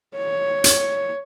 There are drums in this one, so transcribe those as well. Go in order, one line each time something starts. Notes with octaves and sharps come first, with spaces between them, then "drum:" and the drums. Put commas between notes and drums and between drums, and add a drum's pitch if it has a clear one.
C#5
drum: hi-hat